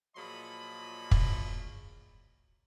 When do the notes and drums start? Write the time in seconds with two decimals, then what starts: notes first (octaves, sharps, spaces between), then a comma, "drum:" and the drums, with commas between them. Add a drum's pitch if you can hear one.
0.16 A#2 F3 F#3 G#4 D#5 B5
1.11 drum: kick